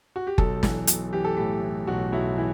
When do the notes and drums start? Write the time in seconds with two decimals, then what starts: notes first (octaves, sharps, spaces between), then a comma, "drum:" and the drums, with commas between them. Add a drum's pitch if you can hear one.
0.16 F#4
0.27 G4
0.38 B1 A4, drum: kick F#1
0.63 E3, drum: snare
0.87 B1, drum: hi-hat
1.13 E3 G4
1.24 A4
1.37 A2 G4
1.62 E3
1.87 B1 F#4
2.12 B1 E4
2.37 E3 E4